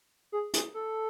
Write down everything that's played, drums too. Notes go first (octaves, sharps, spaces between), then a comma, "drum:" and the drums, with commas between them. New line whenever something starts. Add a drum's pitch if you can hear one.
G#4
G#4, drum: hi-hat
A4